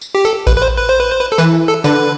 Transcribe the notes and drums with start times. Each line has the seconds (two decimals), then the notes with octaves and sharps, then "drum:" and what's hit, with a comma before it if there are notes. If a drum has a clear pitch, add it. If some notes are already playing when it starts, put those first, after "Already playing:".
0.01 drum: tambourine
0.15 G4
0.25 A4, drum: tambourine
0.47 B4, drum: kick A1, tambourine
0.57 B4
0.62 C5
0.77 B4
0.89 C5
1.00 B4
1.10 C5
1.21 B4
1.32 A4
1.38 E3 B4, drum: tambourine
1.68 A4
1.84 D3 B4, drum: tambourine